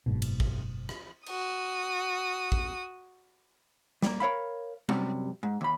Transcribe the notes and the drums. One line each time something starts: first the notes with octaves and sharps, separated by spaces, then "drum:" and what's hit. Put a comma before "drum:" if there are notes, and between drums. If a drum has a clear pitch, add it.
F#1 G#2 B2
drum: cymbal
drum: kick
drum: rim click
F#4 D#6, drum: cymbal
drum: kick
G3 A#3, drum: snare
A#4 C#5 F5 B5
F#2 C3 G3, drum: tom G3
G#2
D#2 B5